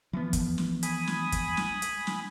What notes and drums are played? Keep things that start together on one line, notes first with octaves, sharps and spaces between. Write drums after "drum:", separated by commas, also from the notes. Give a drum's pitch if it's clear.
E3 F3 B3
drum: kick, hi-hat
drum: snare
G#5 B5 D#6, drum: hi-hat
drum: snare
drum: kick, hi-hat
drum: snare
drum: hi-hat
drum: snare